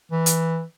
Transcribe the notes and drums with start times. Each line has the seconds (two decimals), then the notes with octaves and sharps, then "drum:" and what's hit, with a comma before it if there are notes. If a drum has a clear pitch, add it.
0.11 E3
0.26 drum: hi-hat